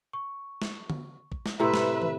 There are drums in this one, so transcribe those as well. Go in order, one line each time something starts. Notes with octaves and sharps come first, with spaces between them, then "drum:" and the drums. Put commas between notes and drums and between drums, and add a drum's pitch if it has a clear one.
C#6
drum: snare
drum: tom D3
drum: kick
drum: snare
A2 C3 B4 E5 A#5 C6 E6
drum: snare
drum: tom